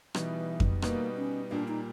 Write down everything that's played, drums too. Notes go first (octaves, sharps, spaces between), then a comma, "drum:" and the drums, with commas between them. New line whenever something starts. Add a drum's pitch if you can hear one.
B2 E3 G3 B3 D#4, drum: rim click
drum: kick F2
B2 G3 A#3 B3 D#4, drum: rim click
C#4
A#2 G3 A#3 D4
D#4